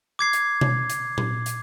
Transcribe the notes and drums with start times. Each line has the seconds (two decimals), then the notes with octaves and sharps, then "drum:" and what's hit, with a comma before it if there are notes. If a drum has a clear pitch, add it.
0.19 D6 G#6 C7
0.33 drum: hi-hat
0.61 drum: tom B2
0.90 drum: hi-hat
1.18 drum: tom A#2
1.46 drum: hi-hat